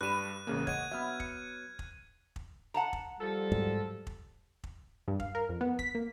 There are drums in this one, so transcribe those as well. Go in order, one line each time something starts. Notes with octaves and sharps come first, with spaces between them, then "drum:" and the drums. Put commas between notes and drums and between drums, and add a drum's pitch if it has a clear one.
G2 G3 B4 F#6 D#7 E7
A1 C#3 G#3 A#3
C#5 D#5 F#5 G#6 D#7, drum: kick
F#3 B3 E5 F#5 F6
C#7, drum: kick
drum: kick
drum: kick
F#5 A5 A#5
drum: kick
F3 G3 A4
G#2 F#3 G#3, drum: kick
drum: kick
drum: kick
G2
F5, drum: kick
A#4
F2
B3
B6, drum: kick
A#3